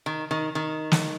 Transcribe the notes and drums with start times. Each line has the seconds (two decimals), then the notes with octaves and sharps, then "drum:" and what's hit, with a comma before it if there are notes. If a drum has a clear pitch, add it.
0.06 D#3
0.31 D#3
0.55 D#3
0.92 drum: snare